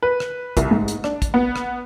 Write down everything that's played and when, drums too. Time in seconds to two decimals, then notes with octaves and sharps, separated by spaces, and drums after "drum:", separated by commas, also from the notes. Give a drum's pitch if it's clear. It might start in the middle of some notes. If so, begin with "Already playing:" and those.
0.03 B4
0.20 drum: rim click
0.57 C2, drum: kick, hi-hat
0.71 G#2
0.88 drum: hi-hat
1.04 D4, drum: rim click
1.22 drum: kick, hi-hat
1.34 B3
1.56 drum: rim click